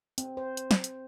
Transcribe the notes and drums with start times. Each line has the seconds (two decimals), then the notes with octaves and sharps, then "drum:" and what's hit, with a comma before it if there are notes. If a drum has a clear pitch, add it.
0.18 C4, drum: hi-hat
0.37 C5
0.57 drum: hi-hat
0.71 drum: snare
0.84 drum: hi-hat